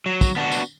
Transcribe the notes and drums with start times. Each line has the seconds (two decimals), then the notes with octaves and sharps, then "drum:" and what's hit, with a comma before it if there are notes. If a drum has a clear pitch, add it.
0.06 F#3
0.21 drum: kick, tambourine
0.36 B3 D4 F#4
0.52 drum: tambourine